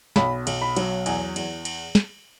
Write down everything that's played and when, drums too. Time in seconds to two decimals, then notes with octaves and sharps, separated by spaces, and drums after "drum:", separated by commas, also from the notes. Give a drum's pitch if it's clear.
0.16 B1 B5, drum: snare
0.47 B1, drum: cymbal
0.62 B5
0.76 F#3, drum: cymbal
1.06 E2 G#5, drum: cymbal
1.36 E2, drum: cymbal
1.65 drum: cymbal
1.95 drum: snare